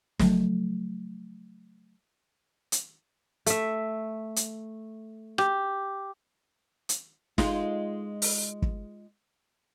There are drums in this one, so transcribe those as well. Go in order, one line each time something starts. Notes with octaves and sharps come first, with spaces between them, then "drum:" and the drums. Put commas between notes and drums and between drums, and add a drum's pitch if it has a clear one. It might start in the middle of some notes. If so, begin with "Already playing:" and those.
C#3 F3 F#3 A3, drum: snare
drum: hi-hat
A3 E5, drum: hi-hat
drum: hi-hat
G4, drum: rim click
drum: hi-hat
G#3 D#4 F4, drum: snare
drum: open hi-hat
drum: kick